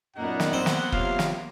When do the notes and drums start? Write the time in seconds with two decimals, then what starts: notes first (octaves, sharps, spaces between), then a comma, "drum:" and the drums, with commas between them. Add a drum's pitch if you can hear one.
0.16 F#2 A#2 A#3 B3 D#4 F#5
0.40 drum: snare
0.53 C4
0.66 drum: snare
0.92 C3 F#3 F4 F5, drum: kick F#1
1.19 drum: snare